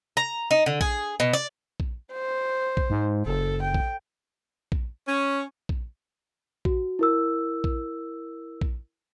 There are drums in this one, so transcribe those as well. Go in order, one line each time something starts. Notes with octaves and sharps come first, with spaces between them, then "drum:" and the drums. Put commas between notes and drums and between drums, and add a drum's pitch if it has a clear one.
A#5
D#4
D3
G#4, drum: kick A#1
B2
D5
drum: kick A#1
C5
drum: kick A#1
G#2
F#1 A4
G5
drum: kick A#1
drum: kick A#1
C#4
drum: kick A#1
F#4, drum: kick A#1
E4 A#4 E6
drum: kick A#1
drum: kick A#1